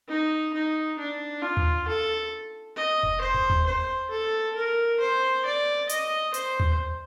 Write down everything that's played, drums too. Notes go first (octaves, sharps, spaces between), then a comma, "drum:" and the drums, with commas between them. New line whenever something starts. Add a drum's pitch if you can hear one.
D#4
D#4
D4
F4
drum: tom D#2
A4
D#5
drum: kick F1
C5
drum: kick F1
drum: tom D#2
C5
A4
A#4
C5
D5
D#5, drum: hi-hat
C5, drum: hi-hat
drum: tom D#2